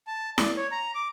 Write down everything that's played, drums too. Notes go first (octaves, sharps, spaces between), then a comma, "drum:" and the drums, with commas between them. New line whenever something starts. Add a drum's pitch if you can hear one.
A5
D5, drum: snare E4
C#5
A#5
D6